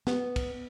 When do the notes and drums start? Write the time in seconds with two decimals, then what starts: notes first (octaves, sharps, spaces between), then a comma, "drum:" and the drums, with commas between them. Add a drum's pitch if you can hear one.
0.07 B3, drum: snare
0.36 drum: kick, cymbal